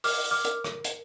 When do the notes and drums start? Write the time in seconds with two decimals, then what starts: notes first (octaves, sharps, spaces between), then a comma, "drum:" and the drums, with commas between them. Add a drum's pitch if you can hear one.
0.04 A#4 D6 F6, drum: open hi-hat
0.31 D6 F6
0.45 A#4, drum: hi-hat
0.64 drum: rim click
0.84 drum: hi-hat